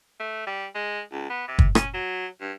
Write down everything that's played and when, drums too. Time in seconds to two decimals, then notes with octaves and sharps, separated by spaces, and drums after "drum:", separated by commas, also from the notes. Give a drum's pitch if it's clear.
0.20 A3
0.47 G3
0.75 G#3
1.12 C#2
1.30 B3
1.48 C3
1.59 drum: kick
1.75 C#4, drum: rim click
1.94 F#3
2.41 G2